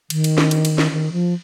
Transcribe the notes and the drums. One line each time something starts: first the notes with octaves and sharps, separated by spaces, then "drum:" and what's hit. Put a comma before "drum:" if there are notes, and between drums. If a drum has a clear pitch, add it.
D#3, drum: cymbal
drum: cymbal
drum: snare
drum: cymbal
drum: cymbal
drum: snare
D#3
F3